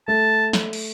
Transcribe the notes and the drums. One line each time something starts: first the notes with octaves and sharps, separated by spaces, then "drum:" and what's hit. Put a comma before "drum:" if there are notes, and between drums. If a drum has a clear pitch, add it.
A3 A5
drum: snare
drum: cymbal